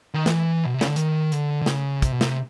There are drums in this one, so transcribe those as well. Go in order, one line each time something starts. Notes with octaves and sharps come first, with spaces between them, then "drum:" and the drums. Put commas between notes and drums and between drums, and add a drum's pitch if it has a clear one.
D#3
E3, drum: snare
B2
C3
C#3, drum: snare
D3
D#3, drum: hi-hat
D3, drum: hi-hat
D3
C#3, drum: snare
C3, drum: kick, hi-hat
B2
C3, drum: snare